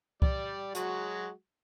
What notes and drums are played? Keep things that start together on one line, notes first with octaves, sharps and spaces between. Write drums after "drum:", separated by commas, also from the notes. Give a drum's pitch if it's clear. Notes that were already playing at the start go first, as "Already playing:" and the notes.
G3 D5, drum: kick
F#3 G#3 F#4, drum: hi-hat